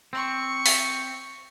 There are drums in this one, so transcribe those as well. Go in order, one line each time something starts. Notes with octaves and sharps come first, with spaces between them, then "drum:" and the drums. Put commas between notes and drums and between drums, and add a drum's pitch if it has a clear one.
C4 C#6
drum: open hi-hat